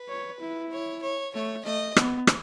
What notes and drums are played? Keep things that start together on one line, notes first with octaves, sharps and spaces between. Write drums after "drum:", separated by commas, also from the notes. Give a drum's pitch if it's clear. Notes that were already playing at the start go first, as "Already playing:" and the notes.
Already playing: B4
C#5
E4
C#5
C#5
A3 C#5
A3 D#5
B3, drum: rim click
drum: rim click